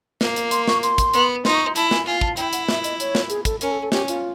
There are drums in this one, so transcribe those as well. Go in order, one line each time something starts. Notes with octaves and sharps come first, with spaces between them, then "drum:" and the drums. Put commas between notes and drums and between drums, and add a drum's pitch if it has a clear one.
A#3, drum: snare
drum: hi-hat
C6, drum: hi-hat
C#6, drum: snare
C6, drum: hi-hat
drum: kick, hi-hat
B3, drum: hi-hat
D#4 C6, drum: snare
C#6
C6
E4 A5, drum: hi-hat
G#5, drum: snare
F4 G#5
A5, drum: kick
E4 G5, drum: hi-hat
F#5, drum: hi-hat
E5, drum: snare
D#5, drum: hi-hat
C#5, drum: hi-hat
drum: snare
G#4, drum: hi-hat
A4, drum: kick, hi-hat
C#4 A#4, drum: hi-hat
A4
A4
C#4 G4, drum: snare
F4, drum: hi-hat